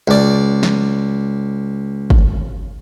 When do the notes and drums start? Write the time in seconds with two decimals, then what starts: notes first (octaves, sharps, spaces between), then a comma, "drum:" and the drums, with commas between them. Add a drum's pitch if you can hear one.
0.08 C#2 D5
0.63 drum: snare
2.10 drum: kick